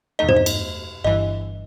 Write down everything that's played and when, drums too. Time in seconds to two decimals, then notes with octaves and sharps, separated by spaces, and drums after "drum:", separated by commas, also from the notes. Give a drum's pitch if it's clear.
0.19 E2 B2 A3 D#4 D#5
0.29 C5, drum: tom G2
0.36 D#5
0.46 drum: cymbal
1.04 G1 G2 E3 D#5